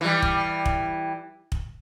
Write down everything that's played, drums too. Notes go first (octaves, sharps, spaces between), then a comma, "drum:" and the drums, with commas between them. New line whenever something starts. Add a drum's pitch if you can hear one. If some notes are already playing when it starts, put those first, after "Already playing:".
E3 G3
drum: kick
drum: kick
drum: kick